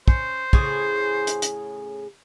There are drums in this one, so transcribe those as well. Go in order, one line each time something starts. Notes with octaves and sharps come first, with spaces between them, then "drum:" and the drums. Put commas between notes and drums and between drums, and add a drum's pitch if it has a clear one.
C#4 C5, drum: kick
A2 C#3 G#4, drum: kick
drum: hi-hat
drum: hi-hat